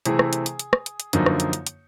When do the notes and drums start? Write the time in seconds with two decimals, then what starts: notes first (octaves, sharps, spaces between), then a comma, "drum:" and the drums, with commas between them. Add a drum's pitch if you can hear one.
0.05 C3 E3 A3 C4 E4 G#4, drum: hi-hat
0.19 drum: rim click
0.33 drum: hi-hat
0.46 drum: hi-hat
0.59 drum: hi-hat
0.73 drum: rim click
0.86 drum: hi-hat
1.00 drum: hi-hat
1.13 F#2 D3 F3 A#3 D#4, drum: hi-hat
1.26 drum: rim click
1.40 drum: hi-hat
1.53 drum: hi-hat
1.67 drum: hi-hat